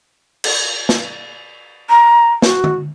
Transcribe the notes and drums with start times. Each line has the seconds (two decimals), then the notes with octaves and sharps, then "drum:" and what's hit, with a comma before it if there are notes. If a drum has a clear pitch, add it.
0.44 drum: cymbal
0.89 drum: snare
1.90 A#5
2.42 F#4, drum: snare
2.64 drum: tom D3